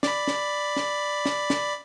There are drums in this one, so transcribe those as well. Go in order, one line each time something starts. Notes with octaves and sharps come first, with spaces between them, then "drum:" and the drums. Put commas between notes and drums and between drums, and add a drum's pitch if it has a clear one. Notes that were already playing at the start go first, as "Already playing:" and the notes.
D5 B5, drum: snare
drum: snare
drum: snare
drum: snare
drum: snare